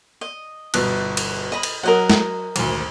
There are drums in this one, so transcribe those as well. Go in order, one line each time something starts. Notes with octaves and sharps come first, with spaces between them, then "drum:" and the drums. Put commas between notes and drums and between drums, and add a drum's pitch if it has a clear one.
D#5
G1 B2 F#6, drum: cymbal
drum: cymbal
D#5 B5
drum: cymbal
F#3 A#4 D#5 F#5
drum: snare
G#1 D2, drum: cymbal